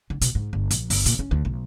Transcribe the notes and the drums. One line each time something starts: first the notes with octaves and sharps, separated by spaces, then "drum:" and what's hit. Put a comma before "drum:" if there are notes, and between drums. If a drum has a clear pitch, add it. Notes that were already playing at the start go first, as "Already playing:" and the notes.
D3
B2, drum: hi-hat
G#2
G1
A#1, drum: hi-hat
G1, drum: open hi-hat
A#2, drum: hi-hat
C#4
D2
B1